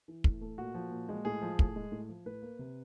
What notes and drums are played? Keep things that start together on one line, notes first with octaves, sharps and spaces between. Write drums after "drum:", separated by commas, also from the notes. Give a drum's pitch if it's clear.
E3
A2, drum: kick
A3
A#2 F#4
F3
A#2
G#3
A2 G#4
F3
A2, drum: kick
G#3
A2
F3
A2 B4
A#3
C3